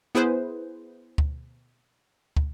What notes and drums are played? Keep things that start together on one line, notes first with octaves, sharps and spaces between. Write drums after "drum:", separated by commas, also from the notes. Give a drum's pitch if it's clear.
B3 E4 G#4 B4 C5
drum: kick
drum: kick